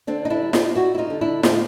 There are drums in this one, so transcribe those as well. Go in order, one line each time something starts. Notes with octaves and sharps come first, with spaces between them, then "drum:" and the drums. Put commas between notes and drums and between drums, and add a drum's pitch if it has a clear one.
D3 C4 D4
D#4
D4 E4
G3
D#4 F4, drum: snare
G3 E4 F#4
E4
D#4 F4
D3
D4 E4
A2 D#4 F4, drum: snare